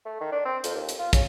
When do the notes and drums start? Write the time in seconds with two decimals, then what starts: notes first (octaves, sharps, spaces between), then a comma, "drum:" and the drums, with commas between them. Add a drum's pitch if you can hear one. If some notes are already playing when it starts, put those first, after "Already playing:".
0.05 A3
0.21 D#3
0.32 D4
0.45 C4
0.64 F2, drum: hi-hat
0.75 D#2
0.89 drum: hi-hat
0.99 F4
1.13 C#3, drum: kick, hi-hat